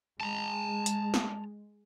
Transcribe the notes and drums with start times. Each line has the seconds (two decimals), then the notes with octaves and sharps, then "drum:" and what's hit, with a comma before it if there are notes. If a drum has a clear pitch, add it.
0.21 G#3 A5 A#5
0.86 drum: hi-hat
1.14 drum: snare